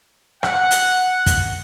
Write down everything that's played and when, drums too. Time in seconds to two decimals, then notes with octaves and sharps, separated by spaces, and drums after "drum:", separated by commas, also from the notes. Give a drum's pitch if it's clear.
0.43 F#5, drum: rim click
0.71 drum: hi-hat
1.26 drum: kick, hi-hat